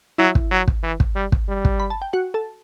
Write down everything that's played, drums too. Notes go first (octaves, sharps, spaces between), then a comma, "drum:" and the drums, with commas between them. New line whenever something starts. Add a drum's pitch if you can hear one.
F#3 E4 E5
drum: kick
F#3
drum: kick
E3
drum: kick
G3
drum: kick
G3
drum: kick
B5
A5
G5
F#4 F#5
A4 A5